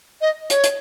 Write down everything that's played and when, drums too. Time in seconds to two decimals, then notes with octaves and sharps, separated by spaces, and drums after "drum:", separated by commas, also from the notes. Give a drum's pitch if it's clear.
0.21 D#5
0.50 C#5, drum: hi-hat
0.64 drum: hi-hat